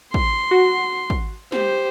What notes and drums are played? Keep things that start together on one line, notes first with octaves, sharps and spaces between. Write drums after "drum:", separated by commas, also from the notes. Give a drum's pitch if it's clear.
C6, drum: kick
F#4
drum: kick
G4 C5, drum: snare